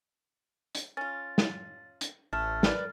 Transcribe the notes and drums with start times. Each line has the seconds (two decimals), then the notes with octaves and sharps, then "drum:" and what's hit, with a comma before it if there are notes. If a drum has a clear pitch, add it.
0.75 drum: hi-hat
0.97 C#4 F4 A6
1.38 drum: snare
2.01 drum: hi-hat
2.33 A1 A3 A4 F6 A6
2.63 A#4 B4 D5, drum: snare